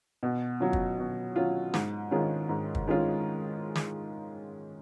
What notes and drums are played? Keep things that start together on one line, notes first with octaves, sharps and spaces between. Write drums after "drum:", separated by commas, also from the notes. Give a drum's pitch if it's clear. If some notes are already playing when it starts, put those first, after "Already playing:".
B2
F#3 C#4 F4
drum: kick
B2
F#3 C#4 F4
G#2, drum: snare
D#3 G#3 C#4 F4
G#2
drum: kick
D#3 G#3 C#4 F4
drum: snare